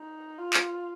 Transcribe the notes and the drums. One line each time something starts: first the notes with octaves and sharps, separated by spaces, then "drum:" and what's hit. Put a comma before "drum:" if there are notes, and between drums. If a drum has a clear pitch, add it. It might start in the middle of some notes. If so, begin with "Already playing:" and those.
Already playing: D#4
F4
drum: clap